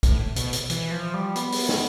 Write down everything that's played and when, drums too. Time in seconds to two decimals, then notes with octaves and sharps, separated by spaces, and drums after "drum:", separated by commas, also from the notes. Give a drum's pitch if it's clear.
0.03 A2, drum: kick, hi-hat
0.36 B2, drum: hi-hat
0.53 drum: hi-hat
0.70 E3, drum: hi-hat
0.92 F3
1.14 G3
1.36 B3, drum: hi-hat
1.52 drum: open hi-hat
1.69 drum: snare